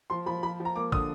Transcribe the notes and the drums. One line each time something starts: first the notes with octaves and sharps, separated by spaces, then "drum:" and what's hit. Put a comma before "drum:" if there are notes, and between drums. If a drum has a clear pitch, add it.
F3 C6
F3 B5
F3 B5
F3
A#5
A#3 D6
D3 D#6, drum: kick